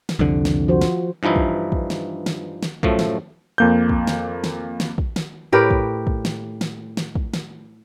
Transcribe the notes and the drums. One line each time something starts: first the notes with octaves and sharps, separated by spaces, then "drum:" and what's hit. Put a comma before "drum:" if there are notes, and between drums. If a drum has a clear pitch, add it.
drum: snare
C2 F2 D3
drum: snare
F3 F#4 C5
drum: snare
G2 E3 F3 D#4 E4
drum: kick
drum: kick
drum: snare
drum: snare
drum: snare
F#2 A2 F3 A3, drum: kick
drum: snare
F2 A#3 G6
drum: kick
drum: snare
drum: snare
drum: snare
drum: kick
drum: snare
A2 G4 A#4 B4
drum: kick
drum: kick
drum: snare
drum: snare
drum: snare
drum: kick
drum: snare